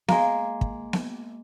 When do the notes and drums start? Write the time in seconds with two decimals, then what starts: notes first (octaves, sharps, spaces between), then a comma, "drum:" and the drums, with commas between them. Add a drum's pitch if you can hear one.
0.08 G#3 A#3, drum: snare B3
0.61 drum: kick
0.93 drum: snare B3